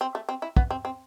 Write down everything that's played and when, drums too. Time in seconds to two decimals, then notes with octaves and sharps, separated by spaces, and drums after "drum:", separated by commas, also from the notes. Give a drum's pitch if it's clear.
0.01 C4
0.15 A3
0.29 C4
0.42 E4
0.56 B3, drum: kick
0.71 C4
0.85 C4